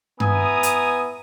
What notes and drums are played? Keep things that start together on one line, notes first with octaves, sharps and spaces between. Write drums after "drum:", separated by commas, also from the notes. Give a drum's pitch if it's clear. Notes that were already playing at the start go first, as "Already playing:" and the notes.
B3 E4 G#5 A#5 D#6, drum: tom G2
drum: hi-hat